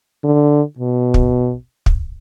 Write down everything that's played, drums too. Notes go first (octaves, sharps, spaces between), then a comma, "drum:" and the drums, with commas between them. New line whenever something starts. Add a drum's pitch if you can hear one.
D3
B2
drum: kick
drum: kick